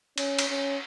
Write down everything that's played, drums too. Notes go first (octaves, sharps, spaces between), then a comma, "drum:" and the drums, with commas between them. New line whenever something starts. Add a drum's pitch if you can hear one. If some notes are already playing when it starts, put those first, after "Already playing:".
C#4, drum: cymbal
drum: cymbal
C#4